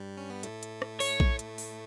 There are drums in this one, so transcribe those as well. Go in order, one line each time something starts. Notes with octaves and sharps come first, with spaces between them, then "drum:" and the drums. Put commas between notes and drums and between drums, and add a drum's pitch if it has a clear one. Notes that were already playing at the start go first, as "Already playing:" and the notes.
Already playing: G2 G3
C#4
B3
A2 A3, drum: hi-hat
drum: hi-hat
drum: rim click
C#5, drum: open hi-hat
drum: kick A#1
drum: hi-hat
drum: open hi-hat